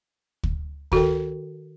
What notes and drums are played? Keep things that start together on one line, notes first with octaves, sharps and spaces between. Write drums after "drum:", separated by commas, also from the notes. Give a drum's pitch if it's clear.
drum: kick
D#3 F#4 A4 A#4 G5, drum: kick